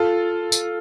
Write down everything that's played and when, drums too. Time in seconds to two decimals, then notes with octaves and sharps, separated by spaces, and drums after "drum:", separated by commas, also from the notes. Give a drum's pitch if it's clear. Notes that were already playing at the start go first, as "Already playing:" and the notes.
Already playing: F4 A4
0.52 drum: tambourine